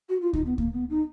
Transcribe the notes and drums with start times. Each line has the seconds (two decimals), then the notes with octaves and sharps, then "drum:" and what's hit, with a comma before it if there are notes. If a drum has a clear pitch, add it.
0.09 F#4
0.22 F4
0.33 D#4, drum: kick D2
0.46 B3
0.58 A#3, drum: kick D2
0.73 B3
0.90 D#4